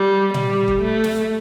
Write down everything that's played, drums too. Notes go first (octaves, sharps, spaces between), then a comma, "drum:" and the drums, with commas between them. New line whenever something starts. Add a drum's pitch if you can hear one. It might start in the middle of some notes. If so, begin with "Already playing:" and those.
Already playing: G3
G3, drum: tom A#2
drum: kick E1
A3
drum: snare